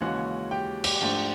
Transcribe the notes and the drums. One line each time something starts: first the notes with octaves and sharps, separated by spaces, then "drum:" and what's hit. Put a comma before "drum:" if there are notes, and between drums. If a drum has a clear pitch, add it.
D#2 C#3 E3 G#3 C#4 F#4 F#5
G4 G5
G4 G5, drum: cymbal
G#2 F3 A3 D4